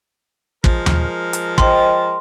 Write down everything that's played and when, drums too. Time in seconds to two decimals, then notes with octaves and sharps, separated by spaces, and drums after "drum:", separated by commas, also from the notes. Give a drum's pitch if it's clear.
0.64 F3 G#3 A#4, drum: kick
0.86 drum: tom D#2
1.33 drum: hi-hat
1.58 C5 D#5 G5 C6, drum: kick